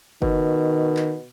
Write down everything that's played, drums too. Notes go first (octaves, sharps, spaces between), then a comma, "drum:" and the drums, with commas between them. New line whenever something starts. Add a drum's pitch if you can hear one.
B2 D#3, drum: kick F#1
drum: clap